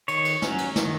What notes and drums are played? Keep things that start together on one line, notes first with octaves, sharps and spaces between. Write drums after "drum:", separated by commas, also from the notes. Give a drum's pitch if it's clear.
D#3 C#5, drum: cymbal
drum: cymbal
F#3 C#4, drum: snare
drum: cymbal
D#3, drum: snare